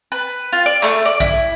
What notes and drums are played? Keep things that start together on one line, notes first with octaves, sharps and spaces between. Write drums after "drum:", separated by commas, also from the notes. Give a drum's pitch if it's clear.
B4
F4
D5
A3, drum: clap
D5
E4, drum: kick A#1